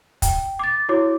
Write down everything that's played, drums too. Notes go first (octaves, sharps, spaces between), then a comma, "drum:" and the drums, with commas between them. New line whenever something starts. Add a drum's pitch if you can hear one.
G5, drum: kick, hi-hat
D6 A6
E4 F#4 C#5 D6